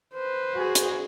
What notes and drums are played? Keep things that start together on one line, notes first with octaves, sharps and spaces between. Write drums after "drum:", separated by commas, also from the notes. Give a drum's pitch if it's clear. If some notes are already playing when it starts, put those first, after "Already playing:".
B4 C5
F#4 G#4
drum: hi-hat